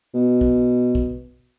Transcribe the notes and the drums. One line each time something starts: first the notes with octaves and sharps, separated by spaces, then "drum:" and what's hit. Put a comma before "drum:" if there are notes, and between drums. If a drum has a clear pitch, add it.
B2
drum: kick
drum: kick